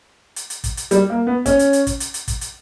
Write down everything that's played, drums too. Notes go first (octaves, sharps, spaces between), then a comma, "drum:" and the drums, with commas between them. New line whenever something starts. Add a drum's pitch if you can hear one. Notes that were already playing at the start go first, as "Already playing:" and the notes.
drum: hi-hat
drum: hi-hat
drum: kick, hi-hat
drum: hi-hat
G3, drum: hi-hat
A#3
B3
C#4, drum: kick, hi-hat
drum: hi-hat
drum: hi-hat
drum: kick, hi-hat
drum: hi-hat
drum: hi-hat
drum: kick, hi-hat
drum: hi-hat